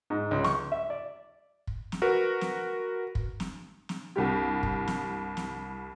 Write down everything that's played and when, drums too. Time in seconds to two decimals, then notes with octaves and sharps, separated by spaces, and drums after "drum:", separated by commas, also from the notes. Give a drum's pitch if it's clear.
0.10 G#2
0.31 C#2
0.44 C#6, drum: snare
0.72 E5
0.90 D5
1.67 drum: kick
1.92 drum: snare
2.02 F#4 A#4 B4
2.41 drum: snare
3.15 drum: kick
3.40 drum: snare
3.89 drum: snare
4.16 C2 G2 G4
4.63 drum: kick
4.87 drum: snare
5.37 drum: snare